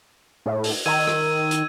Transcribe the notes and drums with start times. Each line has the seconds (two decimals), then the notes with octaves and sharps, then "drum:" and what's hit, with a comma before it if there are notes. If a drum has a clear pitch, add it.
0.46 A2
0.64 drum: open hi-hat
0.86 D#3 E6 G#6 D#7
1.07 drum: rim click
1.51 drum: hi-hat